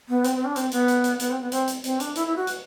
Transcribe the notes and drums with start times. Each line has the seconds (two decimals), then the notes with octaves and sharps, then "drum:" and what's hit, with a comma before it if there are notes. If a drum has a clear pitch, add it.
0.09 B3
0.24 C4, drum: hi-hat
0.35 C4
0.45 D4
0.56 C4, drum: hi-hat
0.71 B3, drum: hi-hat
0.88 drum: hi-hat
1.04 drum: hi-hat
1.19 B3, drum: hi-hat
1.30 C4
1.41 B3
1.52 C4, drum: hi-hat
1.67 drum: hi-hat
1.84 C4, drum: hi-hat
2.00 D4, drum: hi-hat
2.15 E4, drum: hi-hat
2.26 E4
2.36 F#4
2.47 drum: hi-hat